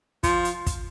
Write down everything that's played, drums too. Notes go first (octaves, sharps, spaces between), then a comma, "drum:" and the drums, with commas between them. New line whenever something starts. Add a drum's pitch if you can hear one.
F3, drum: kick, hi-hat
drum: hi-hat
drum: kick, hi-hat